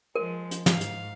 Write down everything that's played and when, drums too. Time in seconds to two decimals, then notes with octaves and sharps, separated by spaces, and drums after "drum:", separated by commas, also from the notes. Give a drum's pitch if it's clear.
0.15 F3 G#3 A#4
0.51 drum: hi-hat
0.66 G#2 F5, drum: snare
0.81 drum: hi-hat